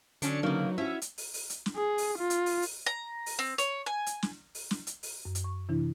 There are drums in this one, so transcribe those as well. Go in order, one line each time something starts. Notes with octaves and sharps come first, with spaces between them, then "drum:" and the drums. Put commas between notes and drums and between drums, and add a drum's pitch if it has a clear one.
D3 F#3 C#4 D4 C#7, drum: hi-hat
C#3 F#3 A#3 B3 D#4
F3 C#4 E4 F#4 E5
drum: hi-hat
drum: open hi-hat
drum: open hi-hat
drum: hi-hat
drum: snare
G#4
drum: open hi-hat
F4
drum: hi-hat
drum: open hi-hat
drum: open hi-hat
A#5
drum: open hi-hat
C4
C#5, drum: hi-hat
G#5
drum: hi-hat
drum: snare
drum: open hi-hat
drum: snare
drum: hi-hat
drum: open hi-hat
F#2
drum: hi-hat
C#6
C3 E3 D4 E4